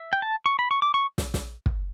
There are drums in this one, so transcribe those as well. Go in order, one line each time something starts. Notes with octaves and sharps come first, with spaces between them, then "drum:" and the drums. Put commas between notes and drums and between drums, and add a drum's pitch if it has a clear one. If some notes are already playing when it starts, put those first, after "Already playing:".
Already playing: E5
G5
A5
C#6
B5
C#6
D6
C#6
drum: snare
drum: snare
drum: kick